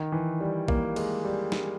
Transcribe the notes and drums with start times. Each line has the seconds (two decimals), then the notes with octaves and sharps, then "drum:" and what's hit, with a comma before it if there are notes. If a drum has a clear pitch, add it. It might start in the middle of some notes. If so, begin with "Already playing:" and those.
Already playing: D#3
0.12 E3
0.40 G3
0.68 A#3, drum: kick
0.96 G#3, drum: cymbal
1.25 G3
1.52 drum: snare